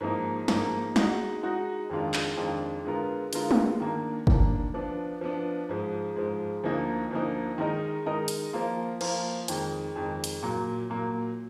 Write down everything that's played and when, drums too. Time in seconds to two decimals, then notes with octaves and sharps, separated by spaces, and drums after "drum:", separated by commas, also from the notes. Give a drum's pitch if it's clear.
0.01 G#2 F3 A#3 D#4
0.48 G#2 F3 A#3 D#4, drum: snare
0.96 G#3 D#4 F#4, drum: snare
1.43 G#3 D#4 F#4
1.90 F2 D#3 G#3 D4 F4
2.14 drum: clap
2.37 F2 D#3 G#3 D4 F4
2.85 D3 G#3 B3 F4 A#4
3.33 D3 G#3 B3 F4 A#4, drum: hi-hat
3.51 drum: tom
3.80 D#3 A#3 D4
4.27 D#3 A#3 D4, drum: kick G1
4.74 F3 B3 D4
5.21 F3 B3 D4
5.69 G#2 F3 G#3
6.16 G#2 F3 G#3
6.64 D2 D3 F3 A#3 D#4
7.11 D2 D3 F3 A#3 D#4
7.58 D#3 G#3 D#4 A#4 D#5
8.06 D#3 G#3 D#4 A#4 D#5
8.28 drum: hi-hat
8.53 F3 A#3 F4
9.01 F3 A#3 F4, drum: cymbal
9.48 F2 D#3 G#3, drum: hi-hat
9.96 F2 D#3 G#3
10.24 drum: hi-hat
10.43 A#2 F#3 A#3
10.90 A#2 F#3 A#3